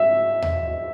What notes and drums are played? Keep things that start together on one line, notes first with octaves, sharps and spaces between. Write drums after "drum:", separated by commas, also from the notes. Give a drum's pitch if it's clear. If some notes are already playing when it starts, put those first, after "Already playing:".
Already playing: E5
drum: tom D#2